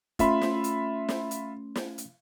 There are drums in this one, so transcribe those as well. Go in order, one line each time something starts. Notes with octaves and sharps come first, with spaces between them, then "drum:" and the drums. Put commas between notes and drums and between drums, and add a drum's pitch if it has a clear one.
A3 C#4 F4 E5 B5 C6, drum: kick, hi-hat
drum: snare
drum: hi-hat
drum: snare
drum: hi-hat
drum: snare
drum: hi-hat